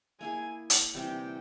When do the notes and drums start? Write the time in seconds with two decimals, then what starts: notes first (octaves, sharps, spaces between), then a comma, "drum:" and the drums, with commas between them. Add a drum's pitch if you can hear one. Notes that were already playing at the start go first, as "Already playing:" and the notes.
0.20 A#3 E4 G#4 G#5
0.70 drum: hi-hat
0.94 C3 E3 G3 C4 G5